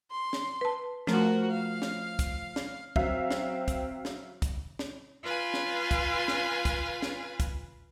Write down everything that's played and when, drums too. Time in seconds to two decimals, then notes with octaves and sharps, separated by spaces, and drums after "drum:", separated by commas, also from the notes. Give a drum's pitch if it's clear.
0.11 C6
0.33 drum: snare
0.61 B4 A5
1.07 F3 A3 F#4 A#4, drum: snare
1.50 F5
1.82 drum: snare
2.19 drum: kick, hi-hat
2.56 drum: snare
2.96 F#3 C4 E5 F5, drum: kick
3.31 drum: snare
3.68 drum: kick, hi-hat
4.05 drum: snare
4.42 drum: kick, hi-hat
4.79 drum: snare
5.23 F4 B4 F5 G#5
5.54 drum: snare
5.91 drum: kick, hi-hat
6.28 drum: snare
6.65 drum: kick, hi-hat
7.02 drum: snare
7.40 drum: kick, hi-hat